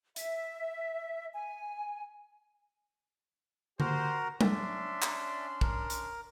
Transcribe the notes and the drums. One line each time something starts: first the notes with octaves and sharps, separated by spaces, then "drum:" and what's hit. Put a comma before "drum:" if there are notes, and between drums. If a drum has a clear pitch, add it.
E5, drum: hi-hat
G#5
F#4 G4 A#4 C5 A#5, drum: tom D3
C#4 D4 D5 E5 C6, drum: tom G3
drum: clap
A#4, drum: kick
drum: hi-hat